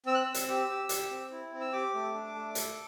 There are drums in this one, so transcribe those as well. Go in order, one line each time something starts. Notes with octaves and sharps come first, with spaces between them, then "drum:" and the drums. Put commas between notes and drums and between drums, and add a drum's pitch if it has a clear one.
C4 E6
F#6
C4 E6
drum: hi-hat
G4
G4
G4, drum: hi-hat
C4
E4
C4
E6
G4 D6
A3
D4
A3
A4, drum: hi-hat